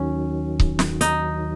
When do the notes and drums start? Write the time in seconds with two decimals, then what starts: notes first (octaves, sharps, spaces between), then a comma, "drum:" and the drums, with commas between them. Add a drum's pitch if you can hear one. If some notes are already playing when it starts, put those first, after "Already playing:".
Already playing: D#2 D#3 F#3 C#4
0.60 drum: kick C#1
0.79 drum: snare
1.01 D#4, drum: hi-hat